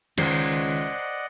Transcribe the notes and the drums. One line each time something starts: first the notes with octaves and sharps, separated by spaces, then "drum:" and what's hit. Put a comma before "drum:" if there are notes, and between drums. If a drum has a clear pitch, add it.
C#2 D#3 C5 D5 D#5 F#5, drum: cymbal